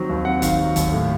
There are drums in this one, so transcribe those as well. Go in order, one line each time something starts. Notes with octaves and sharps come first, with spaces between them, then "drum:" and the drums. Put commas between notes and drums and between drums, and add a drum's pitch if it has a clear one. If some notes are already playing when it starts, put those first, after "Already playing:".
Already playing: D#3 F#3 C4
D#2
C4 F#5
D#3 F5, drum: kick E1, hi-hat
F#3
D#2, drum: kick E1, hi-hat
A2